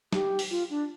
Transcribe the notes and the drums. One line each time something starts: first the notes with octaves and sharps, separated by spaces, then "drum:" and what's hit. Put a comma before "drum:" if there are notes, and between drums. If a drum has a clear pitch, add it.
G4, drum: snare
drum: open hi-hat
F4
D4